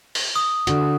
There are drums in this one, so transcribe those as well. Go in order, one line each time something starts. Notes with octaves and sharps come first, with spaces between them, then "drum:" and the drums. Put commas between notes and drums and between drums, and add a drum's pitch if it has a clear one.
drum: open hi-hat
D#6
D3 F#4, drum: hi-hat